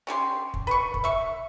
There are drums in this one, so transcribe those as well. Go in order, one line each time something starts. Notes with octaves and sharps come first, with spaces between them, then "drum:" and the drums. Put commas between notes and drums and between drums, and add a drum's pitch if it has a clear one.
C#4 G4 G#5 C6
drum: kick
B4 C#6
drum: kick
E5 C#6